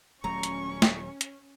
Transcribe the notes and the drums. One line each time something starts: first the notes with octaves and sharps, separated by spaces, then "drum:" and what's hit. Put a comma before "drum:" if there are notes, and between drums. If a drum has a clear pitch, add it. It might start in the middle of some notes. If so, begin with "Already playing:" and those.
D#1 F#3 A3 C#4 A#5 C#6
drum: hi-hat
drum: snare
drum: hi-hat